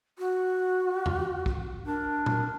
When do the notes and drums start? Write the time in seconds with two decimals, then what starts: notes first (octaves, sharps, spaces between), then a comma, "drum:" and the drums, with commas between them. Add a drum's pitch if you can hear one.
0.19 F#4
1.06 drum: tom E2
1.46 drum: kick
1.86 D4 A#4
2.26 drum: tom A#2